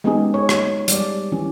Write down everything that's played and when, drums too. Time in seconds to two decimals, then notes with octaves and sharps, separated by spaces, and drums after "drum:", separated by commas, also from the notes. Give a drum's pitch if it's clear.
0.04 G#3 B3 C#4 D#4 G4 G#4
0.34 C#5
0.49 drum: rim click
0.88 G3 D5, drum: hi-hat
1.32 E3 C#4